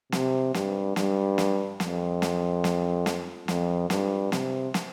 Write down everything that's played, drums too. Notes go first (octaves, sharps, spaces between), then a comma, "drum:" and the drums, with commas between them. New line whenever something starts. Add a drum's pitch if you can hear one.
C3, drum: snare
G2, drum: snare
G2, drum: snare
drum: snare
F2, drum: snare
drum: snare
drum: snare
drum: snare
F2, drum: snare
G2, drum: snare
C3, drum: snare
drum: snare